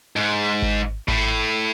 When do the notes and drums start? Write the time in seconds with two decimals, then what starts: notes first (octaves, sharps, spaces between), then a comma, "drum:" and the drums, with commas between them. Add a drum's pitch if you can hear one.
0.16 G#2
0.62 drum: kick G#1
1.08 A2, drum: kick G#1